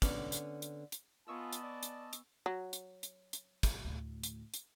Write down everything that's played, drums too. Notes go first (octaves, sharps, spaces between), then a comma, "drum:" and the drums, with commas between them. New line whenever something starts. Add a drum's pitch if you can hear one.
D3 B3 C#4, drum: kick, hi-hat
drum: hi-hat
drum: hi-hat
drum: hi-hat
B3 F4 D#5 G#5 A5 C#6 E6
drum: hi-hat
D5
drum: hi-hat
drum: hi-hat
F#3
drum: hi-hat
drum: hi-hat
drum: hi-hat
drum: kick, hi-hat
D2 A2
drum: hi-hat
drum: hi-hat